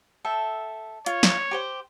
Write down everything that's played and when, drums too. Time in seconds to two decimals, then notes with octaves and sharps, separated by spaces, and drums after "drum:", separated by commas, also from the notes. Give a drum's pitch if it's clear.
0.25 A4 E5 G5
1.06 F4 C#5, drum: hi-hat
1.23 drum: snare
1.51 G4 C5 G5